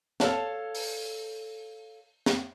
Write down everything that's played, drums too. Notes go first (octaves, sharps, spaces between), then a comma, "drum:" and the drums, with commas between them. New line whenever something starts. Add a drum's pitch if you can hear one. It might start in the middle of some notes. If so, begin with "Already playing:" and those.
A4 C#5 F5 A5, drum: snare
drum: open hi-hat
drum: snare